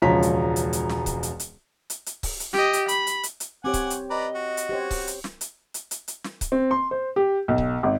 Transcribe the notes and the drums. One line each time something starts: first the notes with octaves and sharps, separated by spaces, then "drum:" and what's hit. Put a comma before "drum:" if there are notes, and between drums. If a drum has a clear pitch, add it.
E1 C#2 F3 C#5 A#5 B6
drum: hi-hat
drum: hi-hat
drum: hi-hat
drum: snare
drum: kick C#1, hi-hat
drum: hi-hat
drum: hi-hat
drum: hi-hat
drum: hi-hat
drum: kick C#1, open hi-hat
drum: hi-hat
G4 D#5, drum: snare
drum: hi-hat
B5, drum: hi-hat
drum: hi-hat
drum: hi-hat
drum: hi-hat
C4 G4 C#5 F#5 G#5 D6
drum: kick C#1, hi-hat
drum: hi-hat
B4 D5 D#5 A#5
F#4
drum: hi-hat
G4 C5 C#5
drum: kick C#1, open hi-hat
drum: hi-hat
drum: snare
drum: hi-hat
drum: hi-hat
drum: hi-hat
drum: hi-hat
drum: snare
drum: kick C#1, hi-hat
C4
C6
C5
G4
B1
drum: kick C#1
G#1